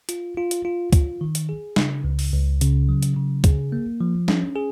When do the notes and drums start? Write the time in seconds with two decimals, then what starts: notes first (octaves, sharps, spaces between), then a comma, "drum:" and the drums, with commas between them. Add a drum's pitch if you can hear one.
0.09 F4, drum: hi-hat
0.37 F4
0.51 drum: hi-hat
0.65 F4
0.93 F4, drum: kick C#2, hi-hat
1.21 D#3
1.35 drum: hi-hat
1.49 G#4
1.76 C#3, drum: snare
2.04 C#2
2.19 drum: open hi-hat
2.33 C#2
2.61 C#3, drum: hi-hat
2.89 F#3
3.03 drum: hi-hat
3.17 C#3
3.44 G#4, drum: kick C#2, hi-hat
3.72 A#3
4.01 F3
4.28 C#4, drum: snare
4.56 G#4